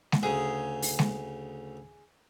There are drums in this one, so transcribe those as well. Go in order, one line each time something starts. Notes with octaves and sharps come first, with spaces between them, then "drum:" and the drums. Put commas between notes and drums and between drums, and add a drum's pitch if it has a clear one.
drum: snare G#3
D2 C#3 G#4
drum: open hi-hat
drum: snare G#3